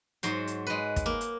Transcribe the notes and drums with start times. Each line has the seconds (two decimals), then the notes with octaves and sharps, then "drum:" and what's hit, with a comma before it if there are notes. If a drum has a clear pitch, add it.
0.23 G#2 F#3 C5, drum: hi-hat
0.47 drum: hi-hat
0.67 G#3 B4
0.96 drum: kick, hi-hat
1.06 A#3
1.21 drum: hi-hat